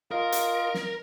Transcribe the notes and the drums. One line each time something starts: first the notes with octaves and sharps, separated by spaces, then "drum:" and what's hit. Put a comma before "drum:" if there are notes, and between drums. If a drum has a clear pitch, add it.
F4 A#4 D#5 F5
drum: hi-hat
drum: snare